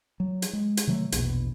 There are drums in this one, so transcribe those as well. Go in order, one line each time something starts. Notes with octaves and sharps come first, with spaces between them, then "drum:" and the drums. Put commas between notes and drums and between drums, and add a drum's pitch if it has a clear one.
F#3
drum: hi-hat
G#3
drum: hi-hat
C3 D#3 F#3 A3
A#1 E2 B2, drum: hi-hat